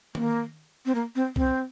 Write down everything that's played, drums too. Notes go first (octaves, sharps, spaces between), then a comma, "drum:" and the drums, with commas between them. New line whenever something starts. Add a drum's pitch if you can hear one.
A#3, drum: tom D#3
C4
A#3
C4
C4, drum: kick C2